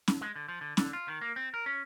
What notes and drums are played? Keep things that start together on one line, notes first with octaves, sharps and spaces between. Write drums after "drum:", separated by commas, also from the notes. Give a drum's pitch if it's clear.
drum: snare
G#3
D3
F3
D3
D3, drum: snare
F4
D#3
A#3
C4
A#4
C#4